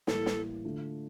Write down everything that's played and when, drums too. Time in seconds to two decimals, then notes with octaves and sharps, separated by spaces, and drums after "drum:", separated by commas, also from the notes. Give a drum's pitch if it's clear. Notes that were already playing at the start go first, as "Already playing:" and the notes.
0.07 A2 E3 G3 A#3 A4, drum: snare
0.26 drum: snare
0.64 D3 A3 D4 F4